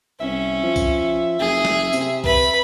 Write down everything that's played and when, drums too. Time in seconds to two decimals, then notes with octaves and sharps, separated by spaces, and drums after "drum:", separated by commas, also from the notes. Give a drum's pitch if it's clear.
0.21 C2 C#4 E5
0.63 F3
0.76 drum: kick B1, tambourine
1.40 F#1 G#4
1.65 drum: snare
1.93 C3, drum: tambourine
2.24 B4 B5, drum: kick B1